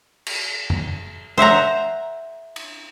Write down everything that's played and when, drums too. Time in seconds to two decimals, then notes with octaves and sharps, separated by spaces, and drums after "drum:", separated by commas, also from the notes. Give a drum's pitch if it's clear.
0.26 drum: cymbal
0.70 drum: tom F2
1.38 C5 E5 F#5 A#5
2.56 drum: cymbal